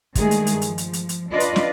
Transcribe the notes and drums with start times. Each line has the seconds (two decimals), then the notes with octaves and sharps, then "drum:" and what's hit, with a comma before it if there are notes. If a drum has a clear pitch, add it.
0.15 G2 D#3 G#3 A3 G#4, drum: kick, hi-hat
0.31 drum: hi-hat
0.47 drum: hi-hat
0.62 F3, drum: hi-hat
0.78 drum: hi-hat
0.93 drum: hi-hat
1.09 drum: hi-hat
1.29 D4 F4 B4 D5 D#5
1.40 drum: hi-hat
1.56 drum: snare